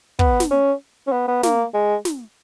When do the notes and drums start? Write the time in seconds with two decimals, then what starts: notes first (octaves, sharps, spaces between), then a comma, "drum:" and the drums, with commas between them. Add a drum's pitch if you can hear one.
0.19 B3, drum: kick
0.40 drum: snare
0.51 C#4
1.07 C#4
1.12 B3
1.28 B3
1.43 A#3, drum: snare
1.74 G#3
2.05 drum: snare